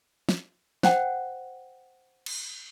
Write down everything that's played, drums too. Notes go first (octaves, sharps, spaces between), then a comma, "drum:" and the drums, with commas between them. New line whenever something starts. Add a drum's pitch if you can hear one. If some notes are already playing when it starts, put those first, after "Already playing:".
drum: snare
C5 F#5 G5, drum: snare
drum: cymbal